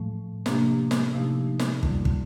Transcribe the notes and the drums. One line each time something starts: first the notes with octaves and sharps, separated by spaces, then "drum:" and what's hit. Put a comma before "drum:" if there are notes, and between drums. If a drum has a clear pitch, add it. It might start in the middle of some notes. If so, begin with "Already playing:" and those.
Already playing: A2 F3 A3
C3 F3 A#3 D4 G4, drum: snare
drum: snare
C3 F3 A3 D#4 G4
drum: snare
F2 D3 G3, drum: kick
drum: kick